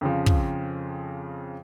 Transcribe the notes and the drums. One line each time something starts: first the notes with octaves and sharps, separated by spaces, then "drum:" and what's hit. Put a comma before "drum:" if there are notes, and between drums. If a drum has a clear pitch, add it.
F2 C#3 F3
drum: kick